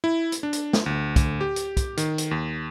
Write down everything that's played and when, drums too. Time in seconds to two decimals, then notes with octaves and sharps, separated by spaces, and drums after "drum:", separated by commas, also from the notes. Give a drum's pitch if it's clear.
0.04 E4
0.32 drum: hi-hat
0.43 D4
0.53 drum: hi-hat
0.73 drum: snare
0.86 D2
1.16 D2, drum: kick, hi-hat
1.41 G4
1.56 drum: hi-hat
1.77 drum: kick, hi-hat
1.97 D#3, drum: hi-hat
2.18 drum: hi-hat
2.31 D#2